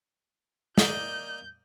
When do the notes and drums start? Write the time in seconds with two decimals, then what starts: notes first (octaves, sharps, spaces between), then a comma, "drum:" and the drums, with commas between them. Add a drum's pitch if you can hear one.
0.78 A#3 D5 D#5 G6, drum: snare